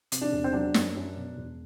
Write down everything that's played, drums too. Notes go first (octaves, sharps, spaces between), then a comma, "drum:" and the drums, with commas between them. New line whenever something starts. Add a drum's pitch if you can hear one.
C3, drum: hi-hat
D4
E1
C4
F#3 D4
F#2, drum: snare
F#2
B2
E1